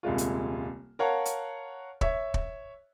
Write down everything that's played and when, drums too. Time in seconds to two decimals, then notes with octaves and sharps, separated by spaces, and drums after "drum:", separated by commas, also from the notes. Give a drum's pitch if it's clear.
0.03 D#1 C2 G#3 F4
0.18 drum: hi-hat
0.99 A#4 C#5 F5 F#5 A5
1.25 drum: hi-hat
2.01 C#5 E5, drum: kick
2.34 drum: kick